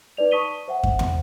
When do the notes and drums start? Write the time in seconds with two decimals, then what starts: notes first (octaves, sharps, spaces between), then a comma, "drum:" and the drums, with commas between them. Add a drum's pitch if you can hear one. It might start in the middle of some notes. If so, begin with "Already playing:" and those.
0.17 D#4 B4 D5 F7
0.31 A5 C#6 D#6 B6 D#7 G7
0.68 C5 E5 F#5 G#5
0.83 drum: kick F#2
0.99 drum: tom